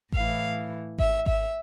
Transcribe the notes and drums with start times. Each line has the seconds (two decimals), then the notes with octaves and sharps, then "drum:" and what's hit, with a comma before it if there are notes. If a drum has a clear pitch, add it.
0.12 A2 F5, drum: kick G#1
0.18 E3
0.98 E5, drum: kick G#1
1.26 E5, drum: kick G#1